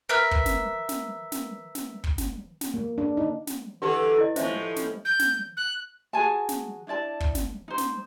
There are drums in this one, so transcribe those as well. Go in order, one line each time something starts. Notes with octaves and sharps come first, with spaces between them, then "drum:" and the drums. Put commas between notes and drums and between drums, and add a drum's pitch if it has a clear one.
A#4 B4 E5 F6
drum: kick
drum: snare
drum: snare
drum: snare
drum: snare
drum: kick
drum: snare
drum: snare
A#3
D4
D#4
drum: snare
D3 E3 G4 A4 B4
E4 D#5
A2 F3 C5 E5 G#5, drum: snare
drum: snare
G6
drum: snare
F#6
F#4 G#4 G#5 A5
drum: snare
D4 E4 D5 A5
drum: kick
drum: snare
D#4 C5
drum: snare